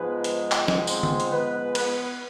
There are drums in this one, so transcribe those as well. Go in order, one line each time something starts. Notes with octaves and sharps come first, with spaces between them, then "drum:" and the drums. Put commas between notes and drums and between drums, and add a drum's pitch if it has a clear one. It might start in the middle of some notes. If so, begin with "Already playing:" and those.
Already playing: G#2 F3 G#3 B3 B4
drum: hi-hat
drum: clap
drum: snare
C4 C5, drum: tambourine
drum: tom D3
drum: hi-hat
B3 B4
B3 B4, drum: cymbal